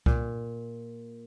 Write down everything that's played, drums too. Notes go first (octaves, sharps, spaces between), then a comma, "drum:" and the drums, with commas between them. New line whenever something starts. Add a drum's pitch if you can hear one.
A#2, drum: kick C2